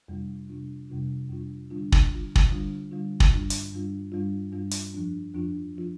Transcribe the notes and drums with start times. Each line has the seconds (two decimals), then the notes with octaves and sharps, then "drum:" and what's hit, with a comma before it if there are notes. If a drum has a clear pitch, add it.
0.08 F2 C3 G3 D4 F4
0.49 F2 C3 G3 D4 F4
0.90 F2 C3 G3 D4 F4
1.29 F2 C3 G3 D4 F4
1.70 D3 G3 D4 F4
1.92 drum: kick
2.11 D3 G3 D4 F4
2.35 drum: kick
2.51 D3 G3 D4 F4
2.91 D3 G3 D4 F4
3.20 drum: kick
3.31 G2 G3 D4 F4
3.50 drum: hi-hat
3.72 G2 G3 D4 F4
4.12 G2 G3 D4 F4
4.52 G2 G3 D4 F4
4.71 drum: hi-hat
4.93 F2 F3 D4 F4
5.34 F2 F3 D4 F4
5.76 F3 D4 F4